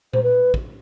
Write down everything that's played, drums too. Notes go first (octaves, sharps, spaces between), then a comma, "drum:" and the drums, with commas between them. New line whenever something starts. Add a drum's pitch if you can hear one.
C5, drum: tom A#2
B4
drum: kick